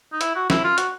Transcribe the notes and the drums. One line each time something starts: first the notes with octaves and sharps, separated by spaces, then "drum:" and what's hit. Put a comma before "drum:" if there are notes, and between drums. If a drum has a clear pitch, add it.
D#4
E4, drum: hi-hat
F#4
E4, drum: snare
F4
F#4, drum: hi-hat